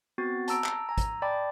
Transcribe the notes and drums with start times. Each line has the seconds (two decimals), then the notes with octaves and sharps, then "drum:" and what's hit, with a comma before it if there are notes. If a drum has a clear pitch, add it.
0.18 B3 C4 F#4 A6
0.48 A5 A#5 E6 D7, drum: hi-hat
0.64 drum: clap
0.87 G#5 A#5 E6
0.98 drum: kick, hi-hat
1.22 D5 D#5 G5 A5 B5 D6